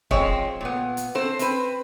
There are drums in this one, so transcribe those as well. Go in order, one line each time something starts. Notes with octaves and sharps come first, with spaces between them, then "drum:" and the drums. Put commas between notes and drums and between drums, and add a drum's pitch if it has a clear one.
F3 G#3 C4 C#5, drum: kick
A#2 B3
drum: hi-hat
C4 A4 C5
C4 B4, drum: hi-hat